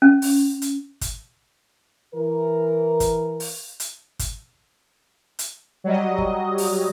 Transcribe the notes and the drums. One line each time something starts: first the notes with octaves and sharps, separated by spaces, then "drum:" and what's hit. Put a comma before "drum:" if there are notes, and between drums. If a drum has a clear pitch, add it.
C#4
drum: open hi-hat
drum: hi-hat
drum: kick, hi-hat
E3 A#4
drum: kick, hi-hat
drum: open hi-hat
drum: hi-hat
drum: kick, hi-hat
drum: hi-hat
F#3 G3 D#5
drum: kick
drum: open hi-hat